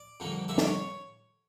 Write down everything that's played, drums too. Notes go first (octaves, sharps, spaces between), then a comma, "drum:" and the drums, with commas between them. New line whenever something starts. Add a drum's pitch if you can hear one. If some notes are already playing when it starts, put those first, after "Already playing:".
Already playing: D5
F2 D3 G3 A#3
F2 D3 G3 A#3 E5
D5, drum: snare
C#5